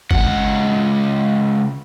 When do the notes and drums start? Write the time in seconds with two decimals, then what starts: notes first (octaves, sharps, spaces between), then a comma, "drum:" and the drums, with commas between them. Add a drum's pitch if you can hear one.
0.11 C#2 F#5, drum: kick G1